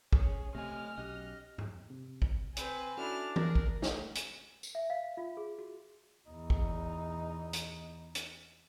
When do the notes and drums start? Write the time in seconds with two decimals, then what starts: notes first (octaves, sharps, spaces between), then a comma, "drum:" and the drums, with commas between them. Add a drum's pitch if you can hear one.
0.13 C#4 G#4, drum: kick
0.55 C3 A3 D#5 G#5 F6 A#6
0.98 B1 C#4 G4 D#5
1.58 drum: tom G#2
1.90 C3
2.22 drum: kick
2.57 C4 B4 G#5, drum: hi-hat
2.97 C#4 D4 E4 F#4 A4 F6
3.36 G#4 A#4, drum: tom
3.55 drum: kick
3.82 drum: snare
4.15 drum: hi-hat
4.63 drum: tambourine
4.75 E5
4.90 F5
5.17 F4
5.37 G#4
5.59 F#4
6.29 E2 D#4
6.50 drum: kick
7.53 drum: hi-hat
8.15 drum: hi-hat